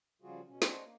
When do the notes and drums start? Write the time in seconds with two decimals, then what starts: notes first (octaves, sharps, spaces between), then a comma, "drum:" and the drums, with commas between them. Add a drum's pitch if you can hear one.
0.22 C#3 F3 G3 F4 F#4 G#4
0.47 B2 C#4
0.62 C#4 D4 C5 C#5 D#5 F#5, drum: snare
0.83 A#3